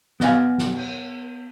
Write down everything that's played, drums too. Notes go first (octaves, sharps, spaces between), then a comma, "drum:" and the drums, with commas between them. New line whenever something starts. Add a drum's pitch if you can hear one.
B3 B4 D#5 F5 G#5, drum: snare
drum: snare
drum: cymbal